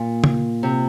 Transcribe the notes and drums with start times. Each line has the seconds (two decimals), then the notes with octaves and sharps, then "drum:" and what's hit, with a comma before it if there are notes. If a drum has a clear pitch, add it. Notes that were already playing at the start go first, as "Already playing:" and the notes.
Already playing: A#2
0.24 drum: tom
0.63 C3